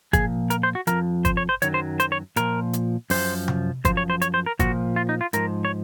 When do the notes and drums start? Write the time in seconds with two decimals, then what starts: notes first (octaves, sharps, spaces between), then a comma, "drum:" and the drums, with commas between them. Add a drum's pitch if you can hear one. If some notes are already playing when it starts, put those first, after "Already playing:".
0.13 A#2 F3 G#4, drum: kick, hi-hat
0.50 A#4, drum: hi-hat
0.63 C5
0.75 F#4
0.87 F2 C#3 F3 A#4, drum: hi-hat
1.25 C5, drum: kick, hi-hat
1.37 C#5
1.49 C5
1.62 F#2 D#3 F#3 C#5, drum: hi-hat
1.74 C5
2.00 C5, drum: hi-hat
2.12 C#5
2.36 A#2 F3 A#4, drum: hi-hat
2.73 drum: hi-hat
3.10 F#2 F3 C5, drum: open hi-hat
3.48 drum: tom C3
3.85 F#2 F3 C5, drum: kick, hi-hat
3.97 C#5
4.10 C5
4.22 C#5, drum: hi-hat
4.34 C5
4.46 A#4
4.59 A#2 F3 F#4, drum: kick, hi-hat
4.96 F4
5.09 D#4
5.21 F4
5.33 G#2 F3 A#4, drum: hi-hat
5.65 C#5